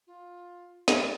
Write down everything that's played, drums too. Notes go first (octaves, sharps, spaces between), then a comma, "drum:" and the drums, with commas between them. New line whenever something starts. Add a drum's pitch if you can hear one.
F4
D5 D#5, drum: snare